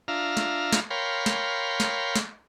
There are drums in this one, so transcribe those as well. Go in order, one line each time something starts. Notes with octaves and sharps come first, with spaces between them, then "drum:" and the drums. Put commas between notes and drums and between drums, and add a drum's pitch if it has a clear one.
D4 F4 E5 F5 A#5
drum: snare
drum: snare
A#4 C#5 F5 G5 B5 C6
drum: snare
drum: snare
drum: snare